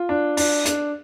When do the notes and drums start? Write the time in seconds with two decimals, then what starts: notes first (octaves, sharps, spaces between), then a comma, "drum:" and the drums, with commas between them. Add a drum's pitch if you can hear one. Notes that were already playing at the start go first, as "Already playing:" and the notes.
Already playing: F4
0.09 D4
0.37 D4, drum: open hi-hat
0.65 D4, drum: hi-hat